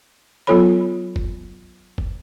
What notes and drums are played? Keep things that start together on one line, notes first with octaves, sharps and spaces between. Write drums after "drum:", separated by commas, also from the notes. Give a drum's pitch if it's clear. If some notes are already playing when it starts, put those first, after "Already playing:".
F#3 B3 F4 A4 C#5 B5
drum: kick F#1
drum: kick F#1